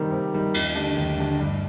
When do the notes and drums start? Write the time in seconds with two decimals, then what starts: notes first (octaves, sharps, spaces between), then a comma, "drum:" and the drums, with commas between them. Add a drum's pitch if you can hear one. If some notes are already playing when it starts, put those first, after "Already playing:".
Already playing: C3 D#3 G3 A#3 D#4
0.11 C3
0.32 D#3 G3 A#3 D#4
0.54 D#2, drum: cymbal
0.75 D3 A3 D4 G4
0.97 D#2
1.18 D3 A3 D4 G4
1.40 G2